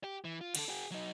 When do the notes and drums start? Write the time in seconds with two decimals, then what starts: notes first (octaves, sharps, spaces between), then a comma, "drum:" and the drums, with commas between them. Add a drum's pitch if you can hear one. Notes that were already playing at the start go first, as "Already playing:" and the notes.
0.04 G4
0.24 E3
0.41 F4
0.55 D3 A4, drum: cymbal
0.69 F#4 G#4
0.92 F#3 D#4